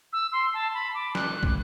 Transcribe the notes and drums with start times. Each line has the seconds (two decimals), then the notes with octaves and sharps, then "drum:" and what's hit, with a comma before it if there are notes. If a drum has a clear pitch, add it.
0.13 E6
0.33 C6
0.54 A5
0.74 B5
0.94 D6
1.15 F#6, drum: snare
1.43 drum: kick